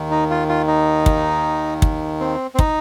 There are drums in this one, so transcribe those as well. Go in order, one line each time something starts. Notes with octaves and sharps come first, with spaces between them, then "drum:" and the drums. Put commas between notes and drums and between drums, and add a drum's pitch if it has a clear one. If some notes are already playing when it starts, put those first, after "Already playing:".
Already playing: D#2 D#3
D#4
F4
F4
D#4
drum: kick
drum: kick
C4
C4
D#4, drum: kick